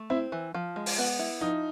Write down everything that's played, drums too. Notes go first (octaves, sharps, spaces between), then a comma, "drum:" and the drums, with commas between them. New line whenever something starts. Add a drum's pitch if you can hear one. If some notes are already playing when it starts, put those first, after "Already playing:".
Already playing: A3
C4 E4
E3
F3
G#3
drum: open hi-hat
B3
E4
F3 D#4